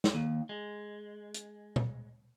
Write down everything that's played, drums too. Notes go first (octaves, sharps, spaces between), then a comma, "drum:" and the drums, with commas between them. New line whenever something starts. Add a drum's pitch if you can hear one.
drum: snare
D#2
G#3
drum: hi-hat
drum: tom A#2